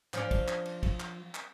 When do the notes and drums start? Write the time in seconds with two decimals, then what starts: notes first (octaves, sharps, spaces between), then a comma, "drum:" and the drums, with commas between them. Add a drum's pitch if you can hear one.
0.14 F3 C#4 D4, drum: clap
0.31 drum: kick, cymbal
0.48 drum: clap
0.65 drum: cymbal
0.83 drum: kick, cymbal
1.00 drum: clap
1.35 drum: clap